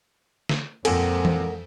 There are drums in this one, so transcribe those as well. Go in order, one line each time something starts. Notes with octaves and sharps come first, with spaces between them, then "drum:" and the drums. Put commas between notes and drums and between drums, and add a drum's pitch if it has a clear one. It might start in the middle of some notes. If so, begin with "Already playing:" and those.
drum: snare
F2 A#2 G#3 C4 A4 A#4 F#5 G#5, drum: cymbal
drum: tom E3